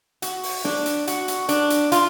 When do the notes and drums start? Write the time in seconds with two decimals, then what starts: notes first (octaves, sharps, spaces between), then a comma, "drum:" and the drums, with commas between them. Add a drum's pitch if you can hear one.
0.22 F#4, drum: hi-hat
0.43 drum: open hi-hat
0.64 D4, drum: snare
0.86 drum: hi-hat
1.07 F#4, drum: hi-hat
1.28 drum: hi-hat
1.49 D4, drum: hi-hat
1.70 drum: hi-hat
1.92 F4, drum: hi-hat